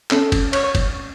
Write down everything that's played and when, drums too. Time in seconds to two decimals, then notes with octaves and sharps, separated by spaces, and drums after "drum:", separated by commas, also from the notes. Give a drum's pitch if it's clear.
0.11 C#4 A4, drum: clap
0.32 drum: kick, cymbal
0.53 C#5, drum: cymbal
0.75 drum: kick, cymbal